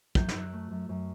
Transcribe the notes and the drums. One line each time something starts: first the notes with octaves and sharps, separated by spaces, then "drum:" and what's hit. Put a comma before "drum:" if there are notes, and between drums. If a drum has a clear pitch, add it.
F#2 G6, drum: kick
E6, drum: snare
F#2
F#6
A3
F#2
F#2